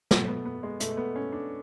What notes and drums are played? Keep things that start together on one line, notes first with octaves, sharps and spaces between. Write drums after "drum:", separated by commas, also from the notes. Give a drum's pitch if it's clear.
B2 A3, drum: snare
B3
B3
G#3
B2 A3, drum: hi-hat
A3
B3
C#4
D4